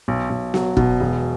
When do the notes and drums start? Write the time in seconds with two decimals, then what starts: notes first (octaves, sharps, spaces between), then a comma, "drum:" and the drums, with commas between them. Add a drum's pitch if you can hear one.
0.08 B1
0.30 B1
0.54 F#3, drum: snare B3
0.77 B2, drum: kick F1
1.01 E1